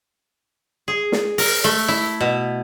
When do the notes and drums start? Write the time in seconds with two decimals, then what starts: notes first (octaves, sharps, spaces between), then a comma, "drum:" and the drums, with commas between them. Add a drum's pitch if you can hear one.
0.88 G#4
1.12 drum: snare
1.38 A#4, drum: open hi-hat
1.64 A3
1.88 E4
2.20 B2